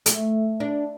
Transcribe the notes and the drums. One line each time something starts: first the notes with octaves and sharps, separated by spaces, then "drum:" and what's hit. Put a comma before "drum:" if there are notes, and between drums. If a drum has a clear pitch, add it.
A3, drum: hi-hat
D4